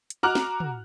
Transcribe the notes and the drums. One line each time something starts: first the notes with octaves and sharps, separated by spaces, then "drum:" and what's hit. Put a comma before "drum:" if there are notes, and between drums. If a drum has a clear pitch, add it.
drum: hi-hat
F#4 A#5 D6 F6 F#6
drum: snare
drum: tom